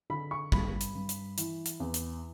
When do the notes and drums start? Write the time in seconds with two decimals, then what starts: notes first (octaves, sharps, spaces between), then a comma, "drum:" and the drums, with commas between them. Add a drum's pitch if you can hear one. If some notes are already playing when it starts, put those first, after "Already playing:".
0.10 D3 B5
0.31 C#6
0.52 G2 B5, drum: kick
0.81 drum: hi-hat
0.95 G2
1.09 drum: hi-hat
1.38 E3, drum: hi-hat
1.66 drum: hi-hat
1.80 E2
1.94 drum: hi-hat